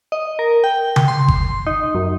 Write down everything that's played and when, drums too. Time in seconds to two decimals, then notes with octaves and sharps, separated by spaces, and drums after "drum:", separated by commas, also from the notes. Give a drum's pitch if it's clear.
0.12 D#5
0.39 A#4
0.64 G5
0.96 drum: tom C#3
1.08 C6
1.28 drum: kick G1
1.67 D#4
1.95 F#2